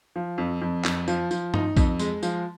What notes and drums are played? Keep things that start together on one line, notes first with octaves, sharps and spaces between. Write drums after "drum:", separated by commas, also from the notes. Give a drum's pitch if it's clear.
F3
F2
F2
F2, drum: clap
F3, drum: tambourine
F3, drum: tambourine
D#4, drum: tom G2
F2, drum: kick A#1, tambourine
G#3, drum: tambourine
F3, drum: tambourine